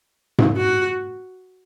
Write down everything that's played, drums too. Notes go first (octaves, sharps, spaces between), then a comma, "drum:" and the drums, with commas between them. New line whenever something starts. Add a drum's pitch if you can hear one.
drum: tom G#2
F#4